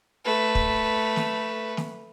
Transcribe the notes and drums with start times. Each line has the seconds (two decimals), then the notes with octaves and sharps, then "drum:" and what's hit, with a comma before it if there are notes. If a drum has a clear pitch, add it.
0.25 A3 B4
0.55 drum: kick
1.16 drum: snare
1.77 drum: snare